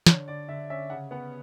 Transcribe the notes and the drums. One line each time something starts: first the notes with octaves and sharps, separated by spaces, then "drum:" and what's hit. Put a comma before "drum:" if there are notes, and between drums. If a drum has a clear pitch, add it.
D3 C#5, drum: snare
D3 D5
D3 E5
C#4 E5
C#3 F#5
B3 F#5